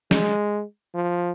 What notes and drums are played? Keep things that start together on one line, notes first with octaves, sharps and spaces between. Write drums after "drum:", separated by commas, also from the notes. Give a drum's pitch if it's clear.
G#3, drum: snare
F3